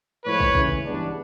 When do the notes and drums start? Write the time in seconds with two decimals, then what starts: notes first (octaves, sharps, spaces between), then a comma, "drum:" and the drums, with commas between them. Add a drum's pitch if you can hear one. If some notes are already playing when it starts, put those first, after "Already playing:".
0.24 A2 F3 G#3 B4 C#5
0.40 drum: kick
0.55 C#3 E3 A3, drum: kick
0.85 G2 E3 G#3 B3 D4